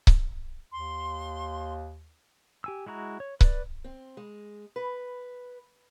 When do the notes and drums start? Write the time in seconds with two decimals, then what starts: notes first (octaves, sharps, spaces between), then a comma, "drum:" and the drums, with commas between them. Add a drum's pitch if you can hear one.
0.07 drum: kick C#1
0.73 D#2 C6
2.64 G4 G#5 E6
2.86 G#3 E4 F#4 A#5
3.20 C#5
3.41 B4 D5, drum: kick C#1
3.84 C4
4.17 G#3
4.76 B4